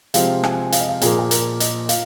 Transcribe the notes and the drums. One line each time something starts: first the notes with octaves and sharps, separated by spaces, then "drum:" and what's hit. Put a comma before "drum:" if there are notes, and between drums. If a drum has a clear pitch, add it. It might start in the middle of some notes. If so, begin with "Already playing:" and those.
C3 F3 G#3 C4 F5, drum: hi-hat
G#5, drum: rim click
F5, drum: hi-hat
D#5
F5
A#2 F3 A#3 G#4, drum: hi-hat
G#4
A#4, drum: hi-hat
D#5, drum: hi-hat
F5, drum: hi-hat